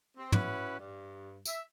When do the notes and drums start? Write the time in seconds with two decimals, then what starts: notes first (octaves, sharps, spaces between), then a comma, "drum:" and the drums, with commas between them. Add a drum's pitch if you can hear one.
0.16 C4
0.32 C#4 E4 F#4 B4, drum: tom
0.78 G2
1.45 E5, drum: tambourine